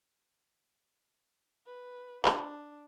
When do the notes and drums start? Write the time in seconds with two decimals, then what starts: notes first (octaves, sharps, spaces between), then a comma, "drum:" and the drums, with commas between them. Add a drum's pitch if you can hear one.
1.66 B4
2.25 D4, drum: clap